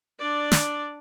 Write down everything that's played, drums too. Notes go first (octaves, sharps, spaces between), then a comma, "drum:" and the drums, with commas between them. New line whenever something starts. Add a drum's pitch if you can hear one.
D4 D5
drum: snare